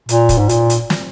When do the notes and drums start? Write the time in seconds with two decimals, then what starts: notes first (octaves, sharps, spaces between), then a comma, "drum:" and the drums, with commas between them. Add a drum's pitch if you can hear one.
0.09 A#2, drum: hi-hat
0.29 drum: kick, hi-hat
0.38 G#2
0.49 A#2, drum: hi-hat
0.70 drum: hi-hat
0.90 drum: snare